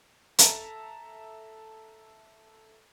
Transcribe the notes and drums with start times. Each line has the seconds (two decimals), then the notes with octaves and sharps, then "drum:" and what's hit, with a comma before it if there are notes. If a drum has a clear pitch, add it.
0.39 A4 E5 A5 A#5, drum: hi-hat